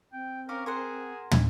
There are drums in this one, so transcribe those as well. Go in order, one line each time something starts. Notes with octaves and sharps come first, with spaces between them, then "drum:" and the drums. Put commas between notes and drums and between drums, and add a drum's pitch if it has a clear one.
C4 G5
C#4 A#4 F5 D6
G#4 A#4 C5 F#5
C#4 G#5, drum: tom